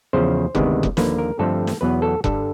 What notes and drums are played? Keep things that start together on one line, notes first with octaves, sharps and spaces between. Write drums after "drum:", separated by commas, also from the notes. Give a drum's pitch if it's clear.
E2 C#3 F3 C5
D2 C3 D#3 G#3 B3, drum: kick F1
drum: kick F1
D#2 D3 F3 A#3 B4, drum: snare
A#4
G2 D3 F3 A3 C4 A4
drum: snare
E2 B2 F#3 B3 B4
A4
G2 D3 G3 A4, drum: kick F1